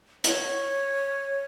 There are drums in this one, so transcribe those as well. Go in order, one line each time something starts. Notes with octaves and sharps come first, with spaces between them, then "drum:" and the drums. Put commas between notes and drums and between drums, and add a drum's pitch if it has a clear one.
C#5, drum: hi-hat